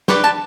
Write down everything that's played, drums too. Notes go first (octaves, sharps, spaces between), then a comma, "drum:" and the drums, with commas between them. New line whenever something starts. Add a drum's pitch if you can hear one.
G4 B4 D5 C#6, drum: snare
A5